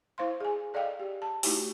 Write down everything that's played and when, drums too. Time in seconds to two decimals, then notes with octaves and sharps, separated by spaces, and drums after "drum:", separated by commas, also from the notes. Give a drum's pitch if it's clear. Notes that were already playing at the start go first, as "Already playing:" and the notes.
0.18 E4 C5 F5 C6
0.40 G#4 G#5
0.74 A4 D5 D#5 F5 G5
1.00 G4
1.22 A5
1.43 A3 D#4 E4 F#4 G4, drum: open hi-hat